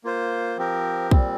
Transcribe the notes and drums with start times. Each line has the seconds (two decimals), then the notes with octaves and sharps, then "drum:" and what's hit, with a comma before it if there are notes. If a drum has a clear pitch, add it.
0.04 A#3 F4 C5
0.57 F3 C4 G4 A#4
1.11 A#2 G3 C4, drum: kick